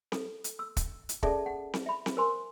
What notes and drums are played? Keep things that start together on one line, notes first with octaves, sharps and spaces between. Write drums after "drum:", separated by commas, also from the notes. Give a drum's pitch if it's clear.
A4, drum: snare C4
drum: hi-hat
E6
drum: kick, hi-hat
drum: hi-hat
C#4 G#4 A4 D5 E5 A5, drum: kick
F#5
drum: snare C4
E5 B5
drum: snare C4
A#4 C5 G#5 C6